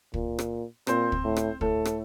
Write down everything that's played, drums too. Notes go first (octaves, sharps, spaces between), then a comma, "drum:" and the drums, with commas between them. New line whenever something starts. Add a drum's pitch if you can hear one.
A#2, drum: kick
drum: rim click
A#2 C4 C5, drum: rim click
drum: kick
A2
drum: rim click
A2 A3 A4, drum: kick
drum: rim click